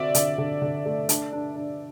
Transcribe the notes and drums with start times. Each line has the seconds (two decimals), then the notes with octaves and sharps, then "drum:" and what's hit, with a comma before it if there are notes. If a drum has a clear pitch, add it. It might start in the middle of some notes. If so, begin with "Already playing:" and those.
Already playing: D3 C4 F#4 D5 E5
0.15 D3, drum: hi-hat
0.38 D3
0.62 D3
0.85 A3
1.09 D4, drum: hi-hat
1.32 D4
1.56 D4